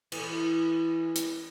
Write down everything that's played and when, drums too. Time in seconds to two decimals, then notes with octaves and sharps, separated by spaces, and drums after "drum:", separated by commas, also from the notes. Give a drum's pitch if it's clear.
0.12 E3, drum: cymbal
1.16 drum: hi-hat